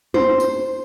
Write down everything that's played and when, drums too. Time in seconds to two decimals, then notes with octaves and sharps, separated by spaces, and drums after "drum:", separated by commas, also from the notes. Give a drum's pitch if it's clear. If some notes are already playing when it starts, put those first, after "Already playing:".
0.14 C5, drum: tom
0.40 drum: tambourine